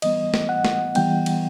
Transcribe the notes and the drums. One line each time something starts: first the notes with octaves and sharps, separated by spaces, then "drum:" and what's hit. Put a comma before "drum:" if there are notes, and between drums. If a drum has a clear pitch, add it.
E3 G3 B3 D#5, drum: cymbal
drum: snare
F#5
drum: snare
E3 G3 B3 G5, drum: cymbal
drum: cymbal